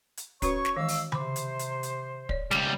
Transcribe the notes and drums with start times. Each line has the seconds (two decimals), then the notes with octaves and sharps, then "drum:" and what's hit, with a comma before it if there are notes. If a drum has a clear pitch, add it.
0.17 drum: hi-hat
0.42 C#4 F#4 B4 C#5 C#6, drum: kick, hi-hat
0.65 drum: snare
0.76 D#3 E3 G#3 F5 E6
0.88 drum: open hi-hat
1.12 C3 C5 B5 D6, drum: tom C#3
1.36 drum: hi-hat
1.59 drum: hi-hat
1.83 drum: hi-hat
2.29 C#5 D5, drum: kick
2.51 C#2 G3, drum: snare